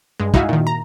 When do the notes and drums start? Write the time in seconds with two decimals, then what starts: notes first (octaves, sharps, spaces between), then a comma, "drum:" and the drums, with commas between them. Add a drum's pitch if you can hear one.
0.20 G2 G#3
0.34 D#4 E4 F#4 E5 F5 G#5, drum: kick
0.49 A#2 D#3
0.67 A#5